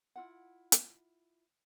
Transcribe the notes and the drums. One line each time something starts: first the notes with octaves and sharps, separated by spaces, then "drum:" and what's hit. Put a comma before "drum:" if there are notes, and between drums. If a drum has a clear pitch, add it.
E4 F4 F#5
drum: hi-hat